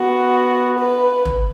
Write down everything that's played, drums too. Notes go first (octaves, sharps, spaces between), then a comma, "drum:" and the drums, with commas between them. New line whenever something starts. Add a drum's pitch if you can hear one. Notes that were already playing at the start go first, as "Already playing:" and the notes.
Already playing: B3 F#4
B4
drum: tom